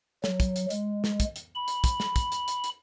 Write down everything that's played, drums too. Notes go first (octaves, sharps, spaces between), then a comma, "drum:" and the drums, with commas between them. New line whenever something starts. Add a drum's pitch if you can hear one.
F#3, drum: snare
drum: kick, hi-hat
drum: hi-hat
G#3, drum: hi-hat
drum: snare
drum: kick, hi-hat
drum: hi-hat
B5
drum: hi-hat
drum: kick, hi-hat
drum: snare
drum: kick, hi-hat
drum: hi-hat
drum: hi-hat
drum: hi-hat